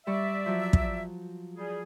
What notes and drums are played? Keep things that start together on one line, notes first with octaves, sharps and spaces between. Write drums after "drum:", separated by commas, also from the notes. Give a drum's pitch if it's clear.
G3 D5 E5 C#6
F3 F#3
drum: kick
G3 G#4